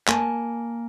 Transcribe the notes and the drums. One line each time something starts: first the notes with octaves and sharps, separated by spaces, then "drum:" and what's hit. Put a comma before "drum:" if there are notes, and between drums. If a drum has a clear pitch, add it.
A#3 G#5 A5, drum: clap